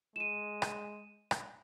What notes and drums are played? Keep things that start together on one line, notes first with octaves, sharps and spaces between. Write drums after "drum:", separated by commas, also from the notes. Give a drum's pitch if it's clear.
G#3 D#7 E7
drum: rim click
drum: rim click